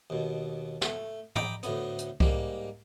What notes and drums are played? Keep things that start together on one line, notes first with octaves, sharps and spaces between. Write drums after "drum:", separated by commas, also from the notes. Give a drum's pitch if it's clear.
D#2 B2
A3, drum: snare
G5 A#5 B5 D6 D#6, drum: tom
D2 A2 B3, drum: hi-hat
drum: hi-hat
G#2 G3 A#3, drum: kick C2